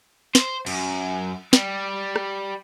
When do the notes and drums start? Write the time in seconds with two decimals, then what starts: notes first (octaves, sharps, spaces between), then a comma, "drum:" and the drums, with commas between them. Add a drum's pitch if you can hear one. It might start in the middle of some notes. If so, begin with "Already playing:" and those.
0.35 C5, drum: snare
0.66 F#2, drum: cymbal
1.53 G3, drum: snare
2.16 drum: rim click